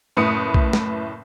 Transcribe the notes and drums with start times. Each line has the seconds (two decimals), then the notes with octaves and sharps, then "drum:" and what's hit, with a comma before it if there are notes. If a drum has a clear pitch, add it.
0.17 F#1 A2 B4 D#6 C#7
0.54 drum: kick
0.73 drum: snare